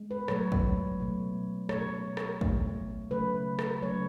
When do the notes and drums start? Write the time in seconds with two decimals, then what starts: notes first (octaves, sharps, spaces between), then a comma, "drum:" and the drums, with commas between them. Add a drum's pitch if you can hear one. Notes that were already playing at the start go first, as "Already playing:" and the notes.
Already playing: G#3
0.11 B4
0.28 B2 F#3 A3 C#5, drum: rim click
0.52 drum: kick
1.00 B2 F#3 A3
1.69 B2 A3 C#5, drum: rim click
2.17 drum: rim click
2.41 B2 A3, drum: kick
3.11 C#3 F#3 A3 B4
3.59 drum: rim click
3.82 C#3 F#3 A3 C#5